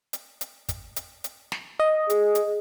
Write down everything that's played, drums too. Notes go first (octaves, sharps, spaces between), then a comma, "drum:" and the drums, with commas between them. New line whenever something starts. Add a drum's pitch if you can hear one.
drum: hi-hat
drum: hi-hat
drum: kick, hi-hat
drum: hi-hat
drum: hi-hat
drum: snare
D#5
G#4, drum: hi-hat
drum: hi-hat